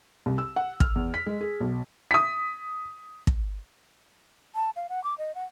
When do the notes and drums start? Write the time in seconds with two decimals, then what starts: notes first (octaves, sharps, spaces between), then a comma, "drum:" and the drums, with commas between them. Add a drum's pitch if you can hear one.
0.26 C2
0.38 E6
0.56 F#5
0.80 F6, drum: kick
0.96 E2
1.14 B6
1.26 G#3
1.41 G#4
1.60 B1
2.11 D#6 B6
3.27 drum: kick
4.55 A5
4.76 F5
4.89 F#5
5.04 D6
5.18 D#5
5.35 F#5